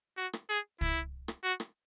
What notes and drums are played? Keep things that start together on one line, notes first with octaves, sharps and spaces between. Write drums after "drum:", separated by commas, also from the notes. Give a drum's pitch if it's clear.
F#4
drum: rim click
G#4
E4, drum: kick
drum: rim click
F#4
drum: rim click